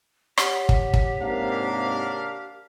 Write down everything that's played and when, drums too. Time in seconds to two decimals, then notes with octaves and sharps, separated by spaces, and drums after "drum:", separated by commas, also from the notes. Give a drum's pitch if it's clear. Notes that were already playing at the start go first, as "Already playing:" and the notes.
0.37 G4 C#5 F#5, drum: rim click
0.69 drum: kick
0.94 drum: kick
1.20 G#2 C3 A#3 D4 A#4 F5